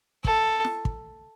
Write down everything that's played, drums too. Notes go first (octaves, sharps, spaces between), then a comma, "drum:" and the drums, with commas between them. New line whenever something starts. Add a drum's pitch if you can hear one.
A4, drum: kick
drum: snare
drum: kick